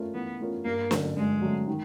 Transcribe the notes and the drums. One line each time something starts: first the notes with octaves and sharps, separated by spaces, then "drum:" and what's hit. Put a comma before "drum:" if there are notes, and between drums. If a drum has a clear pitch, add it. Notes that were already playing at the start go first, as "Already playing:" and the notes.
Already playing: A3 C#4 F4 A#4
E3 B3
A3 C#4 F4 A#4
G2 A#3
D3 F#3 A3 C#4, drum: snare
G2 G#3
D3 F#3 A3 C#4
D#3